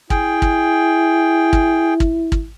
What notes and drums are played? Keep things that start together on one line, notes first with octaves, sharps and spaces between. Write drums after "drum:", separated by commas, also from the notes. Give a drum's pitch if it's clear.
E4 G#4 G5, drum: kick
drum: kick
drum: kick
drum: kick
drum: kick